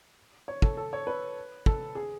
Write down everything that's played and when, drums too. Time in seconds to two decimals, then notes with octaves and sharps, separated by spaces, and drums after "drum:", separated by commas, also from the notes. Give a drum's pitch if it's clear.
0.48 C#5
0.62 A4, drum: kick
0.77 A4
0.93 C#5
1.07 B4
1.66 A4, drum: kick
1.95 G#4